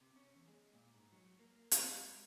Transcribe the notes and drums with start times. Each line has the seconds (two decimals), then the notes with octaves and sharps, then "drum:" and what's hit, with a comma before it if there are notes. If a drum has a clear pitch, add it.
0.01 C3
0.16 C#4
0.36 E2
0.48 G#3
0.74 A#2
0.94 G#2
1.12 F#3
1.39 A#3
1.71 D#5, drum: hi-hat
1.90 G#3